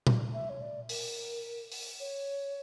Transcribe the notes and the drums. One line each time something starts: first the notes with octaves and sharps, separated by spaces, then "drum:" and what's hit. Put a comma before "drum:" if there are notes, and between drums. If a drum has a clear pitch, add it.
drum: tom A#2
E5
C#5
D5
A#4, drum: open hi-hat
drum: open hi-hat
C#5